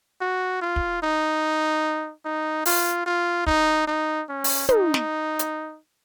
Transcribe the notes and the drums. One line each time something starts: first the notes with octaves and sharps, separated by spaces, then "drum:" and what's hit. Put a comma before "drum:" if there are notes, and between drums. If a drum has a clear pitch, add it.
F#4
F4
drum: kick
D#4
D#4
F4, drum: open hi-hat
F4
D#4, drum: kick
D#4
C#4
drum: open hi-hat
D#4, drum: tom
drum: snare
drum: hi-hat